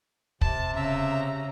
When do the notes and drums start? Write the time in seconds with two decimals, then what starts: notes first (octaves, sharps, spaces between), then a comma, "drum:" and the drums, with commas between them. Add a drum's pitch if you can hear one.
0.41 C3 A5, drum: kick
0.76 C#3 E5 A#5